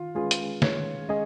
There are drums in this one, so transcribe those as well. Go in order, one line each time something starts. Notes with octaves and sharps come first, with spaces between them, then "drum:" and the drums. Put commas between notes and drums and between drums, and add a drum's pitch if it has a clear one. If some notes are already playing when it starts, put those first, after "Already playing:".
Already playing: D#3 F4
G#3 C#4 F4 G#4 B4
drum: hi-hat
D#3 C#5, drum: snare
G#3 C#4 G#4 D#5